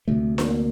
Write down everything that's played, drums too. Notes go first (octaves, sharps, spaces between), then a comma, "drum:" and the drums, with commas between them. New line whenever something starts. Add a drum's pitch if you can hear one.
D2 C3 A3
A#3, drum: snare D4